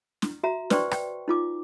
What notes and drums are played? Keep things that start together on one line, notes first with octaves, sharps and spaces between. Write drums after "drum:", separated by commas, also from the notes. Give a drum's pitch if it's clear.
drum: snare
F#4 E5 A#5
B4 C5 D5 G5 C6 C#6, drum: snare
G5, drum: rim click
D#4 F4 D6